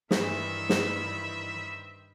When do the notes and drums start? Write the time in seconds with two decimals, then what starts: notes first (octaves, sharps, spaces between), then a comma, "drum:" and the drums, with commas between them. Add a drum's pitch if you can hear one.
0.11 G2 D#3 E3 C4 E5 B5, drum: snare
0.69 drum: snare